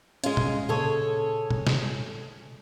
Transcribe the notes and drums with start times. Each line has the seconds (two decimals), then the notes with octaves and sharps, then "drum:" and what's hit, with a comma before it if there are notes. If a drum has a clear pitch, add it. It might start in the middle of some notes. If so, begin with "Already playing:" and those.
0.24 G#3 C#4 F4, drum: hi-hat
0.37 drum: tom A#2
0.69 A#2 C#3 G#4 A4 C#5
1.51 drum: tom A#2
1.67 drum: snare